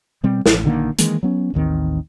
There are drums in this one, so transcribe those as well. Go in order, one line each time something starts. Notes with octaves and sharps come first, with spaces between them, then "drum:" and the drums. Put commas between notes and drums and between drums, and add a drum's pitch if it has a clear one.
B2 G3 C4
A1, drum: snare
A#1 D3 D#3 A#3
D#3 E3 G#3 A#3, drum: hi-hat
F#3 B3 C#4
A1 D#2 D#3 C4